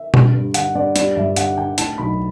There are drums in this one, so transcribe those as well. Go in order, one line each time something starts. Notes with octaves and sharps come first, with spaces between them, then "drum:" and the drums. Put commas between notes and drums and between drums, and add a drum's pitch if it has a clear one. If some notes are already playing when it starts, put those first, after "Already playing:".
Already playing: E5
D3, drum: tom B2
G2
D3 F#5, drum: hi-hat
G2 D5
G3 D5, drum: hi-hat
G1 E5
G2 F#5, drum: hi-hat
D3 G5
A2 A5, drum: hi-hat
B1 B5